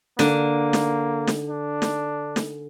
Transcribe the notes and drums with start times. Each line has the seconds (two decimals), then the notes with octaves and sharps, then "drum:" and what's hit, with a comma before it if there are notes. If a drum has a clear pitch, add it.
0.19 D3 A#3, drum: snare
0.73 drum: snare
1.27 drum: snare
1.49 D4
1.82 drum: snare
2.36 drum: snare